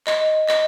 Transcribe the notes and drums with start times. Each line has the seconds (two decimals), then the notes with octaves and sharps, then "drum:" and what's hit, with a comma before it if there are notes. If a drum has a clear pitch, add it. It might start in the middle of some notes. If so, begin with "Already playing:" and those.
0.07 D#5, drum: clap
0.49 D#5, drum: clap